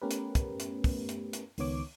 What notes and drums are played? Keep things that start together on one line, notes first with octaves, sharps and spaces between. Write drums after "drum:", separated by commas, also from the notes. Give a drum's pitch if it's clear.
A3 B3 C#4 G4 A#4 B4
drum: hi-hat
drum: kick, hi-hat
drum: hi-hat
drum: kick, open hi-hat
drum: hi-hat
drum: hi-hat
C#2 D#3 B3 C#5 D6, drum: open hi-hat